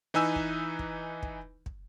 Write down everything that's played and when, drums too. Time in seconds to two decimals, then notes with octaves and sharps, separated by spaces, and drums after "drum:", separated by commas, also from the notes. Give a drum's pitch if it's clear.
0.14 E3 D#4 B4 G#5 E6
0.36 drum: kick
0.79 drum: kick
1.23 drum: kick
1.66 drum: kick